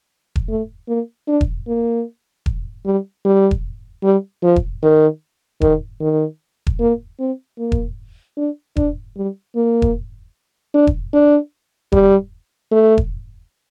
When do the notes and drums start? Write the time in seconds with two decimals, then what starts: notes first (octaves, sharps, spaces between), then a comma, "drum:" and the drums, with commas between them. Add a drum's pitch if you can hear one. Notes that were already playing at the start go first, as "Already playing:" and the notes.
0.36 drum: kick E1
0.49 A3
0.88 A#3
1.28 D4
1.41 drum: kick E1
1.68 A#3
2.46 drum: kick E1
2.85 G3
3.25 G3
3.51 drum: kick E1
4.03 G3
4.43 F3
4.56 drum: kick E1
4.83 D#3
5.61 D#3, drum: kick E1
6.01 D#3
6.67 drum: kick E1
6.80 A#3
7.19 C4
7.58 A#3
7.72 drum: kick E1
8.37 D4
8.76 D4, drum: kick E1
9.17 G3
9.56 A#3
9.82 drum: kick E1
10.74 D4
10.87 drum: kick E1
11.13 D4
11.92 G3, drum: kick E1
12.72 A3
12.98 drum: kick E1